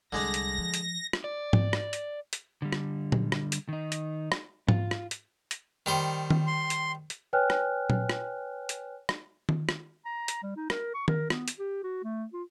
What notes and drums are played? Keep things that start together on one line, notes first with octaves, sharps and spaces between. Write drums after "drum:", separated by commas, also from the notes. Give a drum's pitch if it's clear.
C2 D3 G3 G#3 D4 A#6
drum: hi-hat
F3
drum: hi-hat
drum: rim click
D5
drum: tom G#2
drum: rim click
drum: hi-hat
drum: hi-hat
D3 G3
drum: rim click
drum: tom A#2
drum: rim click
drum: hi-hat
D#3 D#4
drum: hi-hat
drum: rim click
F4, drum: tom G#2
drum: rim click
drum: hi-hat
drum: hi-hat
D#3 G3 C5
drum: tom D#3
C6
drum: hi-hat
drum: hi-hat
B4 C#5 G5 G#5 F6 F#6
drum: rim click
drum: tom A#2
drum: rim click
drum: hi-hat
drum: rim click
drum: tom D#3
drum: rim click
A#5
drum: hi-hat
G3
D#4
A#4, drum: rim click
C#6
A#4, drum: tom D#3
B3, drum: rim click
drum: hi-hat
G4
F#4
A3
F4